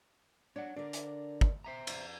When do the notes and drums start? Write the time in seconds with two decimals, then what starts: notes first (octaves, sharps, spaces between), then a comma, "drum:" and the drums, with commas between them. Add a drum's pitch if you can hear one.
0.56 D4 C#5 F#5
0.76 D3 D4 A#4 D5
0.93 drum: hi-hat
1.41 drum: kick
1.64 C5 E5 A#5
1.87 F2, drum: cymbal